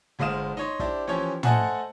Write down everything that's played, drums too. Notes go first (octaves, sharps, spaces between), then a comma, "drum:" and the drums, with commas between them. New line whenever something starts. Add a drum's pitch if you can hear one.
G1 G#3 C5 F5 D#6 E7
D#4 C#5 C6
D4 E4 G4 C5, drum: kick
E3 F3 C#4 G4 C5 C#5
A3 C5 D#5 F#5 G#5 A5, drum: tom